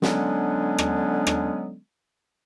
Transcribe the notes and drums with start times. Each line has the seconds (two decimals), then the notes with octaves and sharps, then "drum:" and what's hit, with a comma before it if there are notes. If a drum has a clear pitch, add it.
0.02 D3 F#3 G#3 B3 C#4 D4, drum: snare
0.78 drum: rim click
1.27 drum: rim click